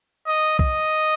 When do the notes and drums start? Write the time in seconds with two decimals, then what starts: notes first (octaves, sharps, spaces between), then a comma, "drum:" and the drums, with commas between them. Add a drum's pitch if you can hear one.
0.27 D#5
0.59 D#5, drum: kick B1